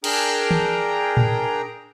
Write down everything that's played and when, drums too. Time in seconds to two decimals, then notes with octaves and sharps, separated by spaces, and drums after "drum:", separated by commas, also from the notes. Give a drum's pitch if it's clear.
0.04 D4 G#4 A#4 G5 A#5, drum: cymbal
0.51 drum: tom D#3
1.17 drum: tom A2